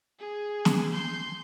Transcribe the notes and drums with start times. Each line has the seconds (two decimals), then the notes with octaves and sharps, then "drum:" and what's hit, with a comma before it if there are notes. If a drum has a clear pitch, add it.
0.19 G#4
0.65 drum: snare
0.92 C6 G6